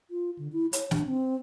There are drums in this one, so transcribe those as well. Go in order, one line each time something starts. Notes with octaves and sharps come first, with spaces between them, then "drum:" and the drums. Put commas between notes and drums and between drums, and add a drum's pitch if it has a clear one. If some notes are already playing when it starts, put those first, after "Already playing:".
F4
D3
E4
C#5, drum: hi-hat
D4, drum: snare
C4